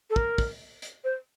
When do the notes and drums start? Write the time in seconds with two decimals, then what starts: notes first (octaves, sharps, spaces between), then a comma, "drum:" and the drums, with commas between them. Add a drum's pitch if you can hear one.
0.10 A4
0.16 A#4, drum: kick
0.38 drum: kick, open hi-hat
0.82 drum: hi-hat
1.04 C5